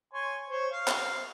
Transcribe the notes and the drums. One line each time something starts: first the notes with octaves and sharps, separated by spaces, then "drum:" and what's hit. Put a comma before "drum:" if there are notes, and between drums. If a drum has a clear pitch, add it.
C#5 G#5 C6
C5 C#5
F5
drum: clap